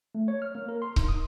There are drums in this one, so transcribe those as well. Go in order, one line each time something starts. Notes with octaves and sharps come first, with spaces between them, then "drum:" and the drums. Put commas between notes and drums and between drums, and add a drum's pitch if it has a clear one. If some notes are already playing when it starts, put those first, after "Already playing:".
A3
C#5
F6
A#3
A#4
C6
D#4, drum: kick C#1
D#6